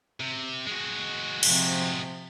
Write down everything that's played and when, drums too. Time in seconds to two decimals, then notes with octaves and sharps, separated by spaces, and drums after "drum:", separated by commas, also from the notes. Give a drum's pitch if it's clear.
0.20 C3
0.67 G#3 F#4
1.43 C3 F3, drum: cymbal